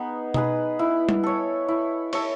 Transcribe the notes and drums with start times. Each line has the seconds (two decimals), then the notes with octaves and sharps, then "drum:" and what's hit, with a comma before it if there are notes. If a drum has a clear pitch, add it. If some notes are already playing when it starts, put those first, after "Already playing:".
Already playing: B3 D#4 G#4 B4
0.34 D#4 G#4 B4, drum: tom B2
0.79 E4
1.09 drum: tom G3
1.23 A4 C#5
1.68 E4
2.13 A4 C#5, drum: cymbal